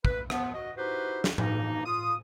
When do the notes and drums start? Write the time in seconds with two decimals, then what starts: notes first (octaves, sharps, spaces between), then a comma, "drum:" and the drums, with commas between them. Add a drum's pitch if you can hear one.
0.05 B4, drum: kick
0.30 F3 B3, drum: rim click
0.54 F#4 D#5
0.77 D#4 E4 F#4 G4 B4 C5
1.24 drum: snare
1.38 G2 B2 E3 A#3 D#4, drum: tom A2
1.86 F4 D#6